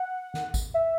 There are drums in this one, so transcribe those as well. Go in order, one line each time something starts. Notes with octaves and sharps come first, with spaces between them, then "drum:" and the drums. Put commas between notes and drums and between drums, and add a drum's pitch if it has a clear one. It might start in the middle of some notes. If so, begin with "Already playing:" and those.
Already playing: F#5
drum: snare
drum: kick, tambourine
E5